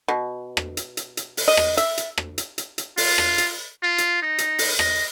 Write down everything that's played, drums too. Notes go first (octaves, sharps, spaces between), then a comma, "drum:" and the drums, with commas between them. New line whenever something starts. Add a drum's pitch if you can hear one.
B2
drum: rim click
drum: hi-hat
drum: hi-hat
drum: hi-hat
drum: open hi-hat
D#5
drum: rim click
E5, drum: hi-hat
drum: hi-hat
drum: rim click
drum: hi-hat
drum: hi-hat
drum: hi-hat
F4, drum: open hi-hat
drum: rim click
drum: hi-hat
F4
drum: hi-hat
D#4
drum: hi-hat
drum: open hi-hat
D#5, drum: rim click